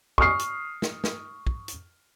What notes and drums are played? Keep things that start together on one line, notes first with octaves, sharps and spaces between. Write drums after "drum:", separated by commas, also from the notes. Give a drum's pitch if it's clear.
C#6 D#6 F6 C7, drum: kick
drum: hi-hat
drum: snare
drum: snare
drum: kick
drum: hi-hat